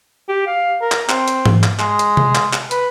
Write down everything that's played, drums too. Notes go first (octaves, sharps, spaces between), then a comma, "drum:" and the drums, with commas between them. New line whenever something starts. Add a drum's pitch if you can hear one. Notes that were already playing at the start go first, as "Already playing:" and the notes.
G4
F5
A#4
drum: clap
C4, drum: clap
drum: hi-hat
drum: tom G#2
drum: clap
G#3, drum: clap
drum: hi-hat
drum: tom C3
drum: clap
drum: clap
B4, drum: hi-hat